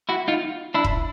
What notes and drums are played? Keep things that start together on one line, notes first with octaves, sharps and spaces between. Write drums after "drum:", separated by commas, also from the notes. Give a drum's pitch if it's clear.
E4 F#4
D#4 F4
D4 E4
drum: kick E1